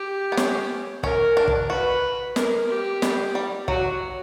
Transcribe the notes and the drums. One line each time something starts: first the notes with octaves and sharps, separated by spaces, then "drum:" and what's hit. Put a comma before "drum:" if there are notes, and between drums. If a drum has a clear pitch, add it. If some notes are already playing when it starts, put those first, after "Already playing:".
Already playing: G4
B3
C#4, drum: snare
C#4 A#4, drum: kick
D4
drum: kick
F#4 B4
A#4, drum: snare
G4
G3, drum: snare
G3
F#3 F#4, drum: kick